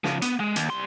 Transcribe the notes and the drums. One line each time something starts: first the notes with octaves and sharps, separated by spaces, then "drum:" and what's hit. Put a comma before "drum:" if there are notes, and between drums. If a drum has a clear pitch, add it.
C#3 F3, drum: snare
B3, drum: hi-hat
G#3
D#2, drum: hi-hat
G3 C6